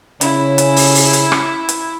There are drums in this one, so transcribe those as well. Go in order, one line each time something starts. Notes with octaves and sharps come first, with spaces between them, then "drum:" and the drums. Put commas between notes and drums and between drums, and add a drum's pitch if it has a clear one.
C#3 C#4 E4, drum: hi-hat
drum: hi-hat
drum: open hi-hat
drum: open hi-hat
drum: hi-hat
drum: rim click
drum: hi-hat